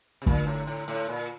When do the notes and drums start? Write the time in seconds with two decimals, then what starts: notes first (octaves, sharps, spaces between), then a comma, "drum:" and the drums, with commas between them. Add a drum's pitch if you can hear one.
0.22 C3
0.26 A#2 D3 A3 D4, drum: kick
0.47 A2
0.67 A2
0.88 A2
1.09 A#2